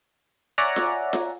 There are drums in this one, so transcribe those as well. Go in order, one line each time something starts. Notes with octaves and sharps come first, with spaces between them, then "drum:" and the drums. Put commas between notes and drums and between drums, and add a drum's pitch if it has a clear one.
C#5 D5 E5 F#5 G#5 A#5
drum: snare F4
drum: snare F4